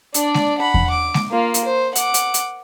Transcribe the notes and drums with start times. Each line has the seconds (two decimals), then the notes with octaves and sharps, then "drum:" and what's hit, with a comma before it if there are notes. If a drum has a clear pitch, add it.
0.14 D4 D5, drum: hi-hat
0.34 drum: snare G#3
0.58 F#5 B5
0.74 drum: kick E2
0.90 D6
1.14 drum: snare G#3
1.31 A#3 F4
1.54 drum: hi-hat
1.65 C5
1.96 F#5 D6, drum: hi-hat
2.14 drum: hi-hat
2.34 drum: hi-hat